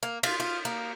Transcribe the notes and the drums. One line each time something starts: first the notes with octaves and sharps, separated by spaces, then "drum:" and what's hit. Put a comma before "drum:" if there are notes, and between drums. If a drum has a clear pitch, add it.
A#3
F4, drum: cymbal
F4
A#3